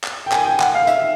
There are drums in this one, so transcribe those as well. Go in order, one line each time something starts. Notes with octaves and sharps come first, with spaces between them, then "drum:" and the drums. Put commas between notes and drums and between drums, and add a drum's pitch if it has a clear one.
drum: clap
G5
G#5, drum: clap
G5
F#5, drum: clap
F5
E5, drum: hi-hat